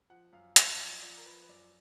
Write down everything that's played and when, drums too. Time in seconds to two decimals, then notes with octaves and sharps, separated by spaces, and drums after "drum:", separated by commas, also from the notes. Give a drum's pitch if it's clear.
0.10 F3 F#5
0.33 F#2 F5
0.56 F#2 F5, drum: hi-hat
0.79 F3 D#5
1.02 F3 D5
1.17 A#4
1.26 F3 B4
1.42 B4
1.49 F#2 D5